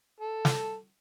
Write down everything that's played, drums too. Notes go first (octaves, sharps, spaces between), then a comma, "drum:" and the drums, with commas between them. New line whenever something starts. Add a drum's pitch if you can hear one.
A4
drum: snare